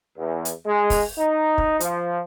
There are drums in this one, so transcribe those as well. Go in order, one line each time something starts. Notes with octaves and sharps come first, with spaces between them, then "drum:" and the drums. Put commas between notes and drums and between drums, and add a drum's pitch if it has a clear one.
E2
drum: hi-hat
G#3
drum: kick, open hi-hat
D#4
drum: kick
F3, drum: hi-hat